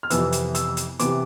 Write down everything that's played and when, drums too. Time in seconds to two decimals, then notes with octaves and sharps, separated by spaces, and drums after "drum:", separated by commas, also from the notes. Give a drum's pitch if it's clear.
0.03 F6
0.10 F2 C3 E3 B3 E6, drum: hi-hat
0.32 drum: hi-hat
0.55 E6, drum: hi-hat
0.77 drum: hi-hat
0.99 C3 E3 B3 D6, drum: hi-hat